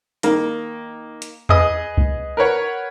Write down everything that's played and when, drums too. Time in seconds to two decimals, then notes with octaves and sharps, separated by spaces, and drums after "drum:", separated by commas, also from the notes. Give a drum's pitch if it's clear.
0.23 D#3 A#3, drum: hi-hat
1.22 drum: hi-hat
1.49 G#4 B4 D#5 D#6, drum: tom E2
1.98 drum: kick C2
2.37 A#4 B4 C#5 F#5